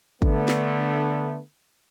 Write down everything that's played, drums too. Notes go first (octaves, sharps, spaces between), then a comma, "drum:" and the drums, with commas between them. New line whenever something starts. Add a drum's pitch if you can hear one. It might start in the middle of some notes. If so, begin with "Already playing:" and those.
D3 A3 B3, drum: kick
drum: snare